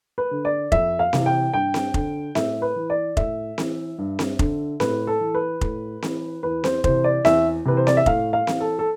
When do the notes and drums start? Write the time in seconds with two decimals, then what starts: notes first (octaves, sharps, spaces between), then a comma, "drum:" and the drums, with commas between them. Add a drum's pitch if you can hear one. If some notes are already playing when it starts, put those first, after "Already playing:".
0.18 B4
0.31 D3
0.45 D5
0.72 F2 E5, drum: kick F1
0.99 F5
1.13 C3 E3, drum: snare C4
1.26 G5
1.54 G2 G5
1.74 drum: snare C4
1.94 D3, drum: kick F1
2.35 A2 E5, drum: snare C4
2.62 B4
2.76 E3
2.90 D5
3.17 A2 E5, drum: kick F1
3.58 E3, drum: snare C4
3.98 G2
4.19 drum: snare C4
4.39 D3, drum: kick F1
4.80 A2 B4, drum: snare C4
5.07 A4
5.20 E3
5.34 B4
5.61 A2, drum: kick F1
6.02 E3, drum: snare C4
6.43 E2 B4
6.64 C5, drum: snare C4
6.84 C3 E3 C5, drum: kick F1
7.04 D5
7.25 E2 E5, drum: snare C4
7.65 C3 E3 B4
7.77 C5
7.87 D5, drum: snare C4
7.97 E5
8.06 A2 F5, drum: kick F1
8.33 F5
8.47 E3, drum: snare C4
8.60 A4
8.79 A4